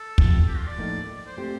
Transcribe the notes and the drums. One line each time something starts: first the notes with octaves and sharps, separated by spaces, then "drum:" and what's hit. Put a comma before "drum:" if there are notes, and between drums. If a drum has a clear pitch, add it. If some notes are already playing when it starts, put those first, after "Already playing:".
Already playing: A4
C3 F3 A3, drum: kick
G4
F4
D5
A2 F3 A#3 D#4 A4
D5
C5
A#2 A3 C4 G4